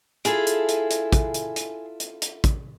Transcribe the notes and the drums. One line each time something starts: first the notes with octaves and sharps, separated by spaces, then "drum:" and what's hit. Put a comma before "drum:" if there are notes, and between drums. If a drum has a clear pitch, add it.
E4 F4 G#4 A4, drum: hi-hat
drum: hi-hat
drum: hi-hat
drum: hi-hat
drum: kick, hi-hat
drum: hi-hat
drum: hi-hat
drum: hi-hat
drum: hi-hat
drum: kick, hi-hat